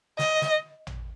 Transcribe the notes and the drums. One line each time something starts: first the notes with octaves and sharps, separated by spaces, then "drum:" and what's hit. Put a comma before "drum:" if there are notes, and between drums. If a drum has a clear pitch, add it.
D#5, drum: snare
drum: snare
drum: tom A1